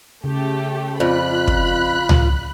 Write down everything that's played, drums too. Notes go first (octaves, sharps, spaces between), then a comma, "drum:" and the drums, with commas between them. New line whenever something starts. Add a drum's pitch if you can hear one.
C#3 A3 G4
F2 F4 D5 B5 F#6
drum: kick
drum: tom C#2